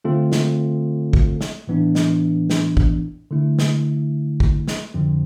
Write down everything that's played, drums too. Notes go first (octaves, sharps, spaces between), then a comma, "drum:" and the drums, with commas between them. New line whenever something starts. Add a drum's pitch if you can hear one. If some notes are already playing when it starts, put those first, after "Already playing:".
D3 A3 C4 F4 A4
drum: snare
drum: kick
drum: snare
A2 E3 B3 D4
drum: snare
drum: snare
drum: kick
D3 A3 E4
drum: snare
drum: kick
drum: snare
F2 D3 F3 C4